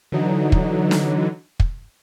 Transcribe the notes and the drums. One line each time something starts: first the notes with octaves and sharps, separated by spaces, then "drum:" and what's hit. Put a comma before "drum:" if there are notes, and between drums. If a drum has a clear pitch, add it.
D3 E3 F#3 D#4
drum: kick
drum: snare
drum: kick